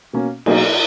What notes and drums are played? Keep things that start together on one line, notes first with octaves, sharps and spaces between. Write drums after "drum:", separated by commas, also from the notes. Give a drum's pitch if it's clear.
B2 A#3 C#4
B2 F#3 A#3 D#4 G#4, drum: cymbal